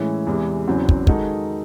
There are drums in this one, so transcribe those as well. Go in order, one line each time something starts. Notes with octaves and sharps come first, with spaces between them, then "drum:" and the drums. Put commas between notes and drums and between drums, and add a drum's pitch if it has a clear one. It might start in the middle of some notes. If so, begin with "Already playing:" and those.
Already playing: A2 E3 G#3 C#4 E4
E2 C3 E3 G#3
E2 C#3 F#3 C4
drum: kick
D#3 G#3 D#4 F#4 A4, drum: kick